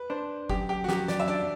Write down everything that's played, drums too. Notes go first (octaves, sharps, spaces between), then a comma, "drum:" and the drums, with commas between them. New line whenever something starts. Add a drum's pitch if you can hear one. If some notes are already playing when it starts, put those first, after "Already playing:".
Already playing: B4
D4 C5
F#2 G4, drum: kick
G4
F#4
F#2 G4, drum: snare
D5, drum: snare
E5
D4 D5